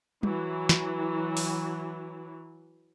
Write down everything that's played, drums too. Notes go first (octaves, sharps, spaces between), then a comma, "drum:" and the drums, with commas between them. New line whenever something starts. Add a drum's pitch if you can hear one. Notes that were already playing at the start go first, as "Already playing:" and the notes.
E3 F#3, drum: tom G3
drum: snare
drum: open hi-hat